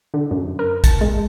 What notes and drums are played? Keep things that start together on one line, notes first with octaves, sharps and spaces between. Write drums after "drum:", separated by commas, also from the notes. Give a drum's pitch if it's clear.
D3
F#2
A#4
A5, drum: kick, hi-hat
G#3